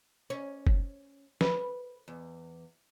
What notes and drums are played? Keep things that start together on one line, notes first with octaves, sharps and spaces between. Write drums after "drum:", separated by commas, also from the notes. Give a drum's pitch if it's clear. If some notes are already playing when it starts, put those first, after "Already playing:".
C#4
drum: kick F#1
B4, drum: snare
E2